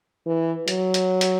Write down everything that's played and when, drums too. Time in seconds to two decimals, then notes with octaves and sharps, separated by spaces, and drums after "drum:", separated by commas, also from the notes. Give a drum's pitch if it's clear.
0.26 E3
0.68 F#3, drum: hi-hat
0.94 drum: hi-hat
1.21 drum: hi-hat